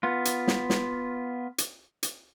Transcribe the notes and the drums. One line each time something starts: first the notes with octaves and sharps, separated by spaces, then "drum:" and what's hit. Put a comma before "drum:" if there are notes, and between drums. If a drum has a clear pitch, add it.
B3 F4
drum: hi-hat
drum: snare
drum: snare
drum: hi-hat
drum: hi-hat